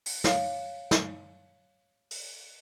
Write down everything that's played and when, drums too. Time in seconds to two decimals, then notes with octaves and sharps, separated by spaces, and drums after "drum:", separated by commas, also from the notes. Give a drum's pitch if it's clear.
0.06 drum: open hi-hat
0.24 C#5 F5, drum: snare
0.91 drum: snare
2.11 drum: open hi-hat